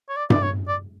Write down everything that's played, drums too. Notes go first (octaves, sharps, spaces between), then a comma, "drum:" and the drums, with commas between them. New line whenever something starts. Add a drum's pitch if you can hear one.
C#5
D5
D5, drum: tom G2
C#5
D5